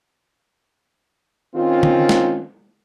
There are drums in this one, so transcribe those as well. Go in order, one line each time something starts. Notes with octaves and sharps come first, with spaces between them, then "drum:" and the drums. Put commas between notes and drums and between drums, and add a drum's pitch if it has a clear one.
D#3 C4 C#4 F4
drum: tom D3
drum: snare